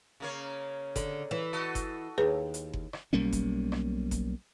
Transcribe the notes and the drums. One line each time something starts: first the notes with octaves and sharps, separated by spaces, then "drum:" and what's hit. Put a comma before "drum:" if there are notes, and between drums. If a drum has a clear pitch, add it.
C#3 A#3 C#5
D3, drum: kick F#1, hi-hat
E3
F#4 A4 D#5
drum: kick F#1, hi-hat
D#2 G#4 B4
drum: hi-hat
drum: kick F#1
drum: rim click
B1 G3 A#3 C#4
drum: kick F#1, hi-hat
drum: rim click
drum: kick F#1, hi-hat